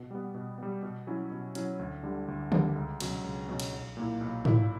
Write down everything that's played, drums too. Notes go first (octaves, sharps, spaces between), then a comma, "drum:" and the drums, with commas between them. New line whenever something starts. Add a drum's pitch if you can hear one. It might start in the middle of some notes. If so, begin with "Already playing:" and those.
Already playing: B2
G3 B3
B2
G3 B3
B2
F#3 C#4 E4
B2
F#3 C#4 E4, drum: hi-hat
D2
D3 G3
D2
D3 G3, drum: tom D3
C#2
B2 F#3 C#4, drum: cymbal
C#2
B2 F#3 C#4
drum: cymbal
B1
A#2 A#3 E4
B1
A#2 A#3 E4, drum: tom G#2